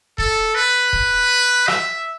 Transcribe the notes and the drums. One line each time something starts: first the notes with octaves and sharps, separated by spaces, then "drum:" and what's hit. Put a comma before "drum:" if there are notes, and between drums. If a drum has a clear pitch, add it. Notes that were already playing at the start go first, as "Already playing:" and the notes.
A4, drum: kick D#1
B4
drum: kick D#1
E5, drum: rim click